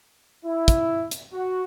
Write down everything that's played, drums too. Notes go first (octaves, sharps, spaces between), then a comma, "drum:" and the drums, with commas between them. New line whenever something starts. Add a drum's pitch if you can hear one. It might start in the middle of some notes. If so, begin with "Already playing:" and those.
E4
drum: kick, hi-hat
drum: hi-hat
F#4